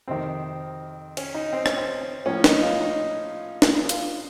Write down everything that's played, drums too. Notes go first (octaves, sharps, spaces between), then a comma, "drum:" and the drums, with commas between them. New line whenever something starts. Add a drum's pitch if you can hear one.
F2 C3 D#3 C4
C#4, drum: cymbal
D#4
C4
C#4, drum: rim click
C4
A2 F3 A#3 C#4
D#4, drum: snare
F4
D#4
drum: snare
F4, drum: hi-hat